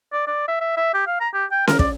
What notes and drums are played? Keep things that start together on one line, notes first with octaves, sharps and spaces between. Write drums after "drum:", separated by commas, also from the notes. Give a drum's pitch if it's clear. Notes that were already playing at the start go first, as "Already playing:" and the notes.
D5
D5
E5
E5
E5
G4
F5
A#5
G4
G5
A#4, drum: snare C#4
D5, drum: kick